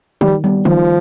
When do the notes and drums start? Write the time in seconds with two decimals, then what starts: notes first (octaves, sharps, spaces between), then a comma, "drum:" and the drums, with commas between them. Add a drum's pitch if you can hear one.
0.21 D#3 G3, drum: tom E3
0.44 G3 B3
0.65 D#3 F3, drum: tom E3